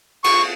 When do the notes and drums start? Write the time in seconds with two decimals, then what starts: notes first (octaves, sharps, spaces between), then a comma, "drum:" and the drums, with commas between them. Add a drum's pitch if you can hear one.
0.24 C#6, drum: cymbal